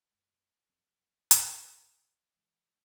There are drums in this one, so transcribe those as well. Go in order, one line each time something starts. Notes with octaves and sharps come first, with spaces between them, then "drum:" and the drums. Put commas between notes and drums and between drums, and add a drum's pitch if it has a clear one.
F#2 G#3
E1 F2 F#3 C4
drum: hi-hat
G#1 D#3 A3 C#4
E3 G#3